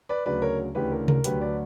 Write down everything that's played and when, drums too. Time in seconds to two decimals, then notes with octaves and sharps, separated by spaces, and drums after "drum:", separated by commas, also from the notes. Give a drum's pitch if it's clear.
0.09 B4 D5
0.26 D2 C#3 F#3 B4 D5
0.42 A#4 C#5
0.75 D2 C#3 E3 G4 B4
0.92 A#4
1.08 A#4, drum: tom C3
1.24 D2 D3 F#3 G4 B4, drum: hi-hat
1.41 B4 D5